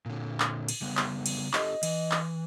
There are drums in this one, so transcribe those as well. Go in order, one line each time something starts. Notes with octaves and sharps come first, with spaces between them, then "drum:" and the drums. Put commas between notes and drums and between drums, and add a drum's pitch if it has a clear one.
A#2 D3
drum: clap
drum: cymbal
C#3 G3 B3
drum: clap
drum: cymbal
D4 G4 A4 D#5, drum: clap
E3, drum: cymbal
drum: clap